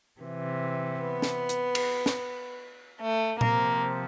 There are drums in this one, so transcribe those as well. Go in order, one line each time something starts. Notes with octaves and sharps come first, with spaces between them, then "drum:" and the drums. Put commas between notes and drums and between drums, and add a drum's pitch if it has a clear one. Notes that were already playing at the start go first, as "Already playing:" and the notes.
C3 E3
B3
drum: snare
drum: hi-hat
drum: cymbal
drum: snare
A3
C3 F3 A#3, drum: tom A#2